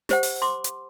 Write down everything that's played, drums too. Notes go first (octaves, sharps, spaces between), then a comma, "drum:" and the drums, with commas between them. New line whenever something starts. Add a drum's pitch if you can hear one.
G4 C5 F#5, drum: snare
drum: open hi-hat
C6 D6
drum: hi-hat